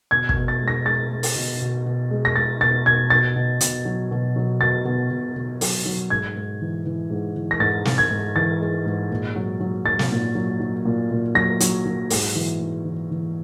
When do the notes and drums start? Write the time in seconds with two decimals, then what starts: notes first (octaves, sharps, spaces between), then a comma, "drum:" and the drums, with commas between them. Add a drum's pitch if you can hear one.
0.11 B2 G#6
0.29 G#6, drum: kick
0.36 B2
0.48 A6
0.62 G#3
0.68 A#6
0.86 G#3 A6
1.11 G#3
1.23 drum: open hi-hat
1.36 B2
1.61 B2
1.86 B2
2.11 G#3
2.25 A#6
2.36 G#3 A6
2.60 B2 A6
2.86 B2 G#6
3.10 B2 A6
3.36 B2
3.61 B2, drum: hi-hat
3.85 F#3
4.11 B2
4.36 F#3
4.61 B2 A6
4.85 B2
5.11 B2
5.36 B2
5.61 F#3, drum: open hi-hat
5.85 F#3
6.10 G#2 G#6
6.35 G#2
6.61 E3
6.86 E3
7.10 G#2
7.36 E3
7.51 A#6
7.60 G#2 A6
7.85 G#2, drum: snare
7.98 G#6
8.10 G#2
8.35 E3 A6
8.60 G#3
8.86 G#2
9.10 A#2
9.35 F#3
9.60 F#3
9.85 F#3 A6
9.99 drum: snare
10.11 A#2
10.35 F#3
10.60 F#3
10.85 A#2
11.10 A#2
11.35 F#3 A#6
11.60 F#3, drum: hi-hat
11.86 F#3
12.10 G#2, drum: open hi-hat
12.35 E3
12.61 G#2
12.85 E3
13.10 E3